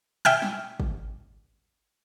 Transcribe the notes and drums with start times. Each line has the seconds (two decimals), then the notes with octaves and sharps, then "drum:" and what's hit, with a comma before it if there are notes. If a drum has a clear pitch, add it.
0.25 E5 G5 G#5 F6, drum: tom A#2
0.42 drum: snare
0.80 drum: kick